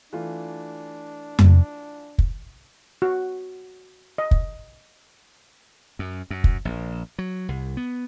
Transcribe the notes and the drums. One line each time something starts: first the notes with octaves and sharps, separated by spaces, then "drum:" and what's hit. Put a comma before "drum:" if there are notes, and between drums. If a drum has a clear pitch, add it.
E3 A3 D4 F4
drum: tom F2
drum: kick
F#4
D#5
drum: kick
F#2
F#2
drum: kick
A#1
F#3
C2
B3